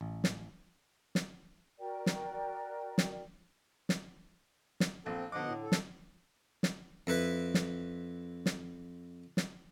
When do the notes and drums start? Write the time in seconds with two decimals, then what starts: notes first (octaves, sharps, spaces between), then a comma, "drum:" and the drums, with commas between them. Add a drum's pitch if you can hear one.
0.01 A1
0.24 drum: snare
1.15 drum: snare
1.80 F#4 A#4 D5 G5
2.06 drum: snare
2.98 drum: snare
3.89 drum: snare
4.80 drum: snare
5.06 A#1 C4 A4
5.32 B2 D3 F3 D#5 F#5 D6
5.48 A2
5.63 A4
5.72 drum: snare
6.63 drum: snare
7.07 F2 E4 B4 B5
7.54 drum: snare
8.46 drum: snare
9.37 drum: snare